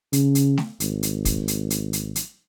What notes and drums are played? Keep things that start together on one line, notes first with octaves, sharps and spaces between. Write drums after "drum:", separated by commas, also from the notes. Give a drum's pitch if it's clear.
C#3, drum: hi-hat
drum: hi-hat
drum: snare A3
G#1, drum: hi-hat
drum: hi-hat
drum: kick, hi-hat
drum: hi-hat
drum: hi-hat
drum: hi-hat
drum: hi-hat